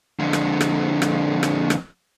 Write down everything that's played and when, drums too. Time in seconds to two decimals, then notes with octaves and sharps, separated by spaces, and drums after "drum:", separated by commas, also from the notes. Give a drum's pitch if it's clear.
0.19 F2 D3
0.33 drum: rim click
0.61 drum: rim click
1.02 drum: rim click
1.43 drum: rim click
1.70 drum: rim click